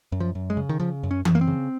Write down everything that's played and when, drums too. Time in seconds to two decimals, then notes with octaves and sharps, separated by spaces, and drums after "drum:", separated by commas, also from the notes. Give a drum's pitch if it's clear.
0.12 F#2
0.20 F3
0.35 F#2
0.50 G#3
0.57 C#3
0.69 D#3
0.80 C#3 F3
1.03 F#2
1.11 C#4
1.25 F#2, drum: tom E3
1.35 A#3
1.41 C4
1.47 C#3